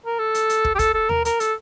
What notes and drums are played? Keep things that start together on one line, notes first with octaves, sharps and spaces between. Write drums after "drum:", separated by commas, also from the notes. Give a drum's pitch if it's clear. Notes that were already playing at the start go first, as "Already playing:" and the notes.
A#4
A4
drum: hi-hat
drum: hi-hat
drum: kick
G4
A4, drum: kick, hi-hat
A4
A#4, drum: tom D#2
A#4, drum: hi-hat
A4, drum: hi-hat